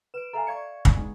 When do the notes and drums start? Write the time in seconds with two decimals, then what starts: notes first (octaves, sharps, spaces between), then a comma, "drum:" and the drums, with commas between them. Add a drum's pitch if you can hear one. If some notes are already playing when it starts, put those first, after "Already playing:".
0.14 B4 D7 E7
0.33 A4 E5 F5 G#5 A#5
0.47 D5 F5 C#6 G#6 C#7
0.85 drum: kick
0.95 G#3 B3 D#4